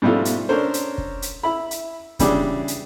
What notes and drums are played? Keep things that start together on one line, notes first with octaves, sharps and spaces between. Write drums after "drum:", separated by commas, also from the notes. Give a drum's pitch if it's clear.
G#2 B2 G3 A3 E4 F4
drum: hi-hat
C#4 D4 A4 A#4 C5 C#5
drum: hi-hat
drum: kick
drum: hi-hat
E4 B5
drum: hi-hat
C#2 E3 G3 D4 G#4 D6, drum: kick, hi-hat
drum: hi-hat